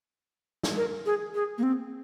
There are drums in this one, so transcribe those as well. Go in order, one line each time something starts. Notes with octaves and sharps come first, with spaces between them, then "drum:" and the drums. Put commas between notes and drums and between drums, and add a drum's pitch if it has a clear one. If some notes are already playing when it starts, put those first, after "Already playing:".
drum: snare
A#4
G#4
G#4
A#3
C4